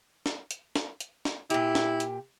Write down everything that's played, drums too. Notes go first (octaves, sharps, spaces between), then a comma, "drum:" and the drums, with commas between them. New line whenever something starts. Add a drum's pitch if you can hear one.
drum: snare
drum: hi-hat
drum: snare
drum: hi-hat
drum: snare
A#2 E4 G4, drum: hi-hat
drum: snare
drum: hi-hat